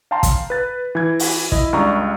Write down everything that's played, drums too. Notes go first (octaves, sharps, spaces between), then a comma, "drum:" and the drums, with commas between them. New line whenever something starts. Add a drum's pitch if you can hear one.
F5 G5 A5 A#5 C6
drum: kick, hi-hat
B4 A6
E3 G#6
drum: open hi-hat
E4 D#5, drum: kick
C#2 G2 D5 A#5 C#6